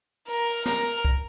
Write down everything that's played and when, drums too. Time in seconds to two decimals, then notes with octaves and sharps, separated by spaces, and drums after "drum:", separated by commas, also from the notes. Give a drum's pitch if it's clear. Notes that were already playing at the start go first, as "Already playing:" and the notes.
0.28 A#4, drum: hi-hat
0.65 A#4, drum: snare
1.05 drum: kick